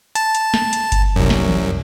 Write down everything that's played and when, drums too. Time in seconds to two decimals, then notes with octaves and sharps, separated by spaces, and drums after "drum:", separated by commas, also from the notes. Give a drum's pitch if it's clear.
0.15 A5, drum: hi-hat
0.35 drum: hi-hat
0.54 drum: snare
0.73 drum: hi-hat
0.92 drum: kick G1, hi-hat
1.16 C2 F#2
1.30 drum: snare
1.49 drum: tom